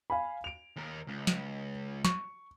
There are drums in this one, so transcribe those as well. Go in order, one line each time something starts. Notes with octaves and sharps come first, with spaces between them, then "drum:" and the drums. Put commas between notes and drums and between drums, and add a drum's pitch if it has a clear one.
F5 G#5 B5
D7 F7
D#2 A#4
C#2
drum: snare
C#6, drum: snare